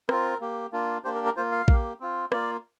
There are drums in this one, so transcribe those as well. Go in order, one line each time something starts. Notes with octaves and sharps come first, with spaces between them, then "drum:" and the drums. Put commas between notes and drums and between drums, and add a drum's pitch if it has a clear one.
C4 F4 A#4, drum: rim click
A#3 G4
A#3 D4 F4
A#3 D4 G4 C5
A#4
A#4
A#3 F4 C5
F5
A#3 G4, drum: kick A#1
C4 F4
A#3 F4 D5, drum: rim click